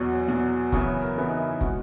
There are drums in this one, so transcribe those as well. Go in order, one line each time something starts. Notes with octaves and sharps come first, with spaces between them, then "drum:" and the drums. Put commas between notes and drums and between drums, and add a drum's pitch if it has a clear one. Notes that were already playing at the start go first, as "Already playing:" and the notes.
Already playing: E2 B2 F#3 C#5
E2 B2 F#3
F#2 C#3 E3 B3 C#5, drum: kick
A#4
F#2 C#3 E3 B3 E4
D#4
E4
E4
B2 G#3 B3 F#4, drum: kick